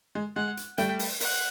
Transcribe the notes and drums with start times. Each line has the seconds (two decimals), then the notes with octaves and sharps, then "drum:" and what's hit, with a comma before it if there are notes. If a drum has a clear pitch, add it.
0.15 G#3
0.36 G#3 F#5
0.57 drum: hi-hat
0.78 G3 A3 G5, drum: hi-hat
0.99 drum: open hi-hat
1.20 F#5, drum: open hi-hat